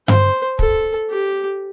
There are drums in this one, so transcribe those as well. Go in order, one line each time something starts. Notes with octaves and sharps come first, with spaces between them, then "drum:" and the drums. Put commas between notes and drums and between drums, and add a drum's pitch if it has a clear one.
C5, drum: tom G2
A4, drum: kick
G4